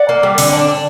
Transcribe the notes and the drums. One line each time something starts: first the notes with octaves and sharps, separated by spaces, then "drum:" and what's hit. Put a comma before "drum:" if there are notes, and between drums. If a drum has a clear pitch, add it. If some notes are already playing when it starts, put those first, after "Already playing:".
Already playing: D5 F#5
A#3
G3
D3, drum: open hi-hat
D4
D4